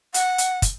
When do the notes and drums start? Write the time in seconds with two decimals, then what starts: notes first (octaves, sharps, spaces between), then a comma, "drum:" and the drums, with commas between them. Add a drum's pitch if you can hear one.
0.14 F#5, drum: hi-hat
0.38 drum: hi-hat
0.62 drum: kick, hi-hat